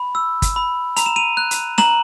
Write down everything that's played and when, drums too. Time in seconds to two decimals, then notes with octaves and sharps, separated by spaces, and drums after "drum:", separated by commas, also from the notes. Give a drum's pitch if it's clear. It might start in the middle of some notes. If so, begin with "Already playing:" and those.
Already playing: B5
0.15 E6
0.42 drum: kick, hi-hat
0.56 B5
0.97 A#5 F7, drum: hi-hat
1.06 E7
1.16 D#7 F7
1.37 F#6
1.51 drum: hi-hat
1.78 A#5 E7 F#7, drum: snare